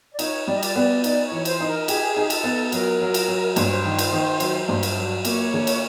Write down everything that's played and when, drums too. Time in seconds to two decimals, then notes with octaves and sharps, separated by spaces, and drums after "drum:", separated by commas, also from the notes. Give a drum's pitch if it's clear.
0.13 D5
0.19 D#4 C#5, drum: cymbal
0.47 G3 D5
0.55 D#5
0.63 D5, drum: cymbal
0.75 B3 D5
1.04 D#4 D5, drum: cymbal
1.25 C#5
1.32 E3
1.45 C5, drum: cymbal
1.60 D#4
1.67 A#4
1.88 G4 G#4, drum: cymbal
2.16 D#4
2.30 A4, drum: cymbal
2.43 B3
2.72 F#3 A#4, drum: cymbal
3.01 F#3
3.14 drum: cymbal
3.28 F#3
3.56 G2 C5, drum: cymbal
3.64 C#5
3.71 C5
3.85 D#3
3.99 drum: cymbal
4.13 D#3
4.40 F#3, drum: cymbal
4.69 G2
4.83 drum: cymbal
4.97 F#3
5.25 A#3 C#5, drum: cymbal
5.54 D3
5.67 drum: cymbal